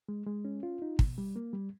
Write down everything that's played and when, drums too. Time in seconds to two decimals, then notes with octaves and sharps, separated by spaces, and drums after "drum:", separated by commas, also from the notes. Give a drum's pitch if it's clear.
0.09 G#3
0.26 G#3
0.45 C#4
0.63 F4
0.82 D#4
0.99 B2, drum: kick
1.18 G3
1.36 A#3
1.53 G3